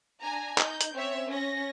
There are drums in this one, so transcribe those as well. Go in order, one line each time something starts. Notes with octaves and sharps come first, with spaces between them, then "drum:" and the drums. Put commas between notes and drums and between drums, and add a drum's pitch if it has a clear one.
D4 G#5 A#5
D#4 G6, drum: clap
drum: hi-hat
C4 C#4 C#5 E5
C#4 A#6